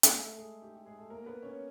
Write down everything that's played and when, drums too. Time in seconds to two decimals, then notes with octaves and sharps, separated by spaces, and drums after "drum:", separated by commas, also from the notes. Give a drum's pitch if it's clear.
0.03 drum: hi-hat
0.13 A3 A4
0.37 G#3 G#4
0.62 G4
0.74 G4
0.86 G#3 G#4
0.98 A3 A4
1.10 A#3 A#4
1.26 B3 B4
1.43 C#4 C#5